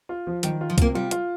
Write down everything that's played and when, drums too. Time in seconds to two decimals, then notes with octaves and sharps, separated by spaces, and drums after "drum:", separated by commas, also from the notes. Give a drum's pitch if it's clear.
0.09 F4
0.27 F3
0.43 D#3 G3, drum: hi-hat
0.61 F4
0.70 F3
0.78 C3 A#3, drum: kick C2, hi-hat
0.95 G3 F4
1.11 F4, drum: hi-hat